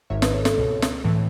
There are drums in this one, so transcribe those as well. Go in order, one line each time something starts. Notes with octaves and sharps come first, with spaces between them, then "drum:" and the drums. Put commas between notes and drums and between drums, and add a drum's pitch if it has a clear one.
G#1 G#2 D#3 C#5 E5
B4 D#5, drum: snare
A4 C#5
A4 C#5, drum: snare
C#2 B2
drum: snare
A2 E3